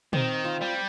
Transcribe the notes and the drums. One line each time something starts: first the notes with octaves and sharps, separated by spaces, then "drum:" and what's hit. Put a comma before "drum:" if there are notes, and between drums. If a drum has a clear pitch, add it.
D#3 C4, drum: tom
F4
G3